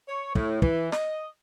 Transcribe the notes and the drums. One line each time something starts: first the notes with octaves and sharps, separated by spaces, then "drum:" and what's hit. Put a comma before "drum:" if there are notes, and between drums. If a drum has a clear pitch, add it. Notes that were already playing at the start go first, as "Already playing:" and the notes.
C#5
A2, drum: kick
E3, drum: kick
D#5, drum: snare